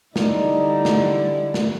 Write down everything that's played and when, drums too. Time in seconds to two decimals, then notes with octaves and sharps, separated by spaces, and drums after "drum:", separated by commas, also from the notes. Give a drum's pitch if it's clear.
0.16 D3 G3 D#4 E4 D5, drum: snare
0.85 drum: snare
1.54 drum: snare